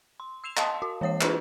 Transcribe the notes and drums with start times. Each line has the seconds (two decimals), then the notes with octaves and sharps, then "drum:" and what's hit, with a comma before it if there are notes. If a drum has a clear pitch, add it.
0.20 C6
0.44 E6 C7 E7 F7
0.57 D#5 F5 A5 C6 D#6, drum: clap
0.82 F#4
1.01 E3 A#3 C#5 D#6 C7
1.21 D4 E4 F4 G#4 B4, drum: clap